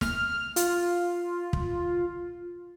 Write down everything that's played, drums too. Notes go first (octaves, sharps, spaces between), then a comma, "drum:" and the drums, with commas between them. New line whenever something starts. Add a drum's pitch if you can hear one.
F6, drum: snare
F4, drum: hi-hat
drum: kick